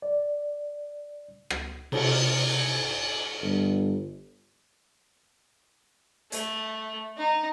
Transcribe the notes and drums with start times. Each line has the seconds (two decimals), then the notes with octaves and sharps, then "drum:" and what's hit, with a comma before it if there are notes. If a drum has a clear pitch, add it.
0.02 D5
1.50 drum: rim click
1.92 C3, drum: cymbal
3.42 G1
6.32 A3, drum: hi-hat
7.18 D#4